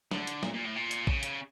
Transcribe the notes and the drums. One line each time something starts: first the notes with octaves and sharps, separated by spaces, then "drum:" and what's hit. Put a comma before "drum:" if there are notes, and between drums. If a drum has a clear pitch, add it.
D3, drum: snare
drum: hi-hat
A#2, drum: snare
A#2
A2
A#2
drum: hi-hat
C#3, drum: kick A#1
drum: hi-hat